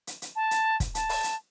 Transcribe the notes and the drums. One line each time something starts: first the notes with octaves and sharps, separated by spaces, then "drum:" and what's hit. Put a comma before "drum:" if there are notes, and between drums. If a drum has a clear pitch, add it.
drum: hi-hat
drum: hi-hat
A5
drum: hi-hat
drum: kick, hi-hat
A5, drum: hi-hat
drum: open hi-hat
drum: hi-hat